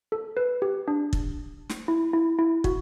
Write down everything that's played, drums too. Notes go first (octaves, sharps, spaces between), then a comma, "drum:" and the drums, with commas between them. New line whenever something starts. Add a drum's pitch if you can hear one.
A4
B4
G4
D4
drum: kick
drum: snare
E4
E4
E4
F#4, drum: kick